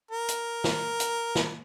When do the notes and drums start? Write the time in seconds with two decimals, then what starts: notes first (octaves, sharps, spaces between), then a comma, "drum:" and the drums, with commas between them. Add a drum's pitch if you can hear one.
0.11 A#4
0.29 drum: hi-hat
0.64 drum: snare
1.00 drum: hi-hat
1.35 drum: snare